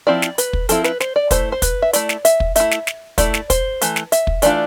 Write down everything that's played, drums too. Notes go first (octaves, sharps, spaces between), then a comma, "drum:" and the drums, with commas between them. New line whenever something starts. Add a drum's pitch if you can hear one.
F3 C4 E4 D5
drum: snare
B4, drum: hi-hat
drum: kick
F3 C4 E4 A4, drum: hi-hat
B4, drum: snare
C5, drum: snare
D5
A3 E4 C5, drum: kick, hi-hat
C5
B4, drum: kick, hi-hat
E5
A3 E4 D5, drum: hi-hat
drum: snare
E5, drum: hi-hat
drum: kick
A3 E4 E5, drum: hi-hat
drum: snare
drum: snare
A3 E4 D5, drum: kick, hi-hat
drum: snare
C5, drum: kick, hi-hat
E3 A3, drum: hi-hat
drum: snare
E5, drum: hi-hat
drum: kick
E3 A3 D4 F4 D5, drum: hi-hat